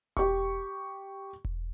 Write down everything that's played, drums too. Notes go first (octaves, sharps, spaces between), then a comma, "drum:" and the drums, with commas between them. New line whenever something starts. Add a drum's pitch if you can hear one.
G4 C#6, drum: kick E1
drum: kick E1